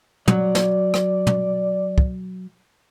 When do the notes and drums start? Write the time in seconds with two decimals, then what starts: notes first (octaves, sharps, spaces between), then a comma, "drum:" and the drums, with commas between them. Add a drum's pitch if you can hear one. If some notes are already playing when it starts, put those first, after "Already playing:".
0.28 F#3 D5, drum: tom
0.55 drum: snare
0.94 drum: rim click
1.27 drum: tom
1.98 drum: kick